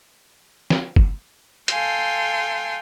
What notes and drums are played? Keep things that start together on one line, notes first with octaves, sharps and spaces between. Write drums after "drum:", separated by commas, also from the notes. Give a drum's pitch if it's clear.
drum: snare
drum: kick
A4 F5 G5 G#5 C6, drum: hi-hat